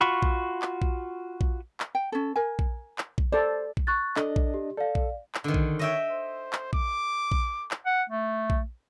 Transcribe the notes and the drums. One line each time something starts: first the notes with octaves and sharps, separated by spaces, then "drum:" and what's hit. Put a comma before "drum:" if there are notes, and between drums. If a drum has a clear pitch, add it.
F4 F#4 B5 C#6
drum: kick A#1
drum: clap
drum: kick A#1
drum: kick A#1
drum: clap
G5
C#4 A4
A#4 G#5
drum: kick A#1
drum: clap
drum: kick A#1
A4 C5 D5
drum: kick A#1
C#6 F#6 A6
D4 A4 D5 D#5, drum: clap
drum: kick A#1
G4
A4 D5 F5
drum: kick A#1
drum: clap
D3 D#3
drum: kick A#1
C#5 D#5 E5 G5
C5
drum: clap
D6, drum: kick A#1
drum: kick A#1
drum: clap
F#5
A3
drum: kick A#1